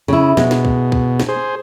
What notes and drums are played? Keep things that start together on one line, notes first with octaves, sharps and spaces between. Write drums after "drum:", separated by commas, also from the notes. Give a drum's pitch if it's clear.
C#3 E4
B2 G#3, drum: snare
drum: snare
drum: kick
drum: kick
drum: snare
G#4 C5